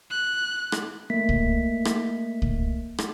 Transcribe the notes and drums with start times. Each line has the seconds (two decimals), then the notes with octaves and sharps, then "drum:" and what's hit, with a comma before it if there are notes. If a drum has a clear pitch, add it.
0.10 F#6
0.72 drum: rim click
1.10 A3 A#3 B6
1.29 drum: kick C2
1.85 drum: rim click
2.42 drum: kick C2
2.98 drum: rim click